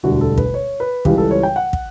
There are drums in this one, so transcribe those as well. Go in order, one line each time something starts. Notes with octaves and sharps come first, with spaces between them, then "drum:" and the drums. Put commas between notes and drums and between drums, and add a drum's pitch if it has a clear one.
E1 D2 D3 G3 F#4
A4
B4, drum: kick
C#5
B4
C#2 C#3 E3 G3 G4, drum: kick
A4
C#5
G5
F#5
drum: kick